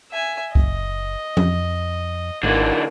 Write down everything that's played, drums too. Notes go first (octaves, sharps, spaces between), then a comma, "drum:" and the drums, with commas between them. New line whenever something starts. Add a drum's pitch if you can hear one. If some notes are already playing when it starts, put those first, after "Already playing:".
E5 G#5
F#1 D#5, drum: kick C2
F2, drum: tom F3
G#1 D3 E3 A#3 F#4